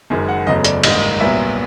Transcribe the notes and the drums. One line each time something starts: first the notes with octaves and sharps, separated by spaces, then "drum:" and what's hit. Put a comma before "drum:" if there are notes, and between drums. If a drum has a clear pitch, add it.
F#1 F#2 D#3 G#3
F#5
F#1 E2 C#3 F#3 A3 D#5
D5, drum: hi-hat
A1 G#2 D#3 G3 A#3 D#5, drum: cymbal
C2 A#2 F#3 B3 E5